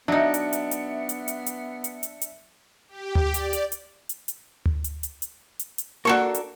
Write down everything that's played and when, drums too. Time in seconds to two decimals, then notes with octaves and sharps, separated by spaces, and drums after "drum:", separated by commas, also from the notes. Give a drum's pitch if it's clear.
0.08 F#3 B3 D4 D#4 E5 C#7
0.34 drum: hi-hat
0.53 drum: hi-hat
0.71 drum: hi-hat
1.09 drum: hi-hat
1.28 drum: hi-hat
1.46 drum: hi-hat
1.84 drum: hi-hat
2.03 drum: hi-hat
2.22 drum: hi-hat
2.89 G4
3.15 drum: tom D2
3.34 D5, drum: hi-hat
3.53 drum: hi-hat
3.72 drum: hi-hat
4.09 drum: hi-hat
4.28 drum: hi-hat
4.66 drum: tom D2
4.84 drum: hi-hat
5.03 drum: hi-hat
5.22 drum: hi-hat
5.59 drum: hi-hat
5.78 drum: hi-hat
6.05 A#3 D4 F#4 A4 C#6
6.35 drum: hi-hat